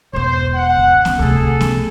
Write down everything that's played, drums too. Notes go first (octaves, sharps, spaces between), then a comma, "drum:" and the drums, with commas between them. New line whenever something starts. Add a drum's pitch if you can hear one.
E1 B3 C5
F#5
drum: kick C2
drum: snare B3
D2 C3 G#4 A4
drum: kick C2
drum: snare B3